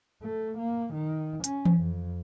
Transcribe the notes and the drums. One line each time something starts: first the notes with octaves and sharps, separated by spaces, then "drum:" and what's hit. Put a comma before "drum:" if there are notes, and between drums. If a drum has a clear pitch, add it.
A3
A#3
D#3
C#4, drum: hi-hat
drum: tom E3
F2